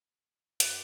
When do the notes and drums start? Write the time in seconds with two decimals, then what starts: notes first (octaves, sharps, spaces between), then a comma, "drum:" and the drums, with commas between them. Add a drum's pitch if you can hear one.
0.60 F#2 D5 F#5, drum: hi-hat